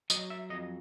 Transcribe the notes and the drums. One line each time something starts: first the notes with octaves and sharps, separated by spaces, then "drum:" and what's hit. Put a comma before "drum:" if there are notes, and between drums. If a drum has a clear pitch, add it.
F#3 D#5, drum: tambourine
E5
F2 D#5